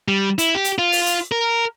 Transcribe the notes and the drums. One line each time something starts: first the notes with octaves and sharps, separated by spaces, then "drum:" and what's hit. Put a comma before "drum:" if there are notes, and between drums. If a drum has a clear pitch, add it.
G3
E4, drum: hi-hat
G4
drum: hi-hat
F4
drum: open hi-hat
drum: hi-hat
A#4